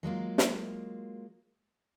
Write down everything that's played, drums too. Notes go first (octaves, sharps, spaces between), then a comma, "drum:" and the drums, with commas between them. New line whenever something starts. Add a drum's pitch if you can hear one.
F#3 G#3 A#3 F4
drum: snare